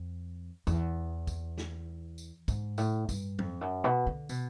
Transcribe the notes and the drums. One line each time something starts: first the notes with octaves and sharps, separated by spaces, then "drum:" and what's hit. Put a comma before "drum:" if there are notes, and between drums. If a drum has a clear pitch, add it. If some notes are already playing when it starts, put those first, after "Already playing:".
Already playing: F2
E2, drum: tambourine
drum: kick, tambourine
drum: snare
drum: tambourine
G#2, drum: kick, tambourine
A2, drum: tambourine
G2, drum: kick, tambourine
F2, drum: tom
F#2
B2
D3
B2, drum: tambourine